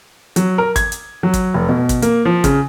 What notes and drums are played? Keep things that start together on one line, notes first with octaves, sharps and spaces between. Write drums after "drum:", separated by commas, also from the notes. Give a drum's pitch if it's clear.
F#3, drum: hi-hat
A#4
G#6, drum: kick, hi-hat
drum: hi-hat
F#3
drum: kick, hi-hat
F1
B2
drum: kick, hi-hat
A#3, drum: hi-hat
F3
C#3, drum: kick, hi-hat